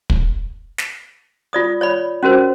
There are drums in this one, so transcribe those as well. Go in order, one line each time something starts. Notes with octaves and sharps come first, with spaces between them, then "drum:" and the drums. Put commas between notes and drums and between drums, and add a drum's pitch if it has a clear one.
drum: kick
drum: snare
F4 D5 D#6
C#5 D5 B5
C#4 F#4 A#4 C5